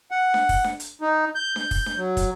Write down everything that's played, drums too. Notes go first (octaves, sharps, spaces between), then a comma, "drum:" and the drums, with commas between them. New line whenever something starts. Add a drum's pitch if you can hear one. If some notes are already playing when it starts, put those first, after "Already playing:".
F#5
drum: snare D4
drum: kick, open hi-hat
drum: snare D4
drum: hi-hat
D#4
G6
G6, drum: snare D4
drum: kick, open hi-hat
drum: snare D4
F#3
drum: kick, hi-hat